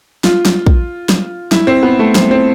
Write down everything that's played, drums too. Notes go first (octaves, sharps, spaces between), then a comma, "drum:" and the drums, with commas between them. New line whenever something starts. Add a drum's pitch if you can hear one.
F4, drum: snare
drum: snare
drum: kick A#1
drum: snare
E4, drum: snare
C4
B3
A3
C4, drum: snare
C4